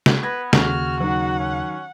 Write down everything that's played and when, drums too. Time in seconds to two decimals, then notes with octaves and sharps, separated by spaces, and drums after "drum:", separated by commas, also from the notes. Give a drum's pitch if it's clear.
0.06 drum: snare
0.23 B3 B4 G#6 A#6
0.53 D#2 C#3 F#4 F6, drum: snare
1.00 D#3 F#3 F#5
1.39 C#4